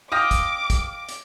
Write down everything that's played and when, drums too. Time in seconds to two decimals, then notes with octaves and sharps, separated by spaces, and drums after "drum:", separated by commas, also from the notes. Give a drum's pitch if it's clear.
0.12 D#5 F5 G5 D6 D#6 F6 A#6
0.31 drum: kick, hi-hat
0.70 drum: kick, hi-hat
1.09 drum: hi-hat